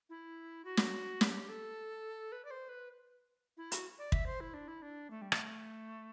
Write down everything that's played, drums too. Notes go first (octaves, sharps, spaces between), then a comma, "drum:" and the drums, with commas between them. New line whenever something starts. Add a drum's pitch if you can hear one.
E4
F#4
drum: snare
G4, drum: snare
A4
B4
D5
C5
B4
E4
F#4, drum: hi-hat
D5
E5, drum: kick
C5
E4
D4
E4
D4
A3
G3
A3, drum: rim click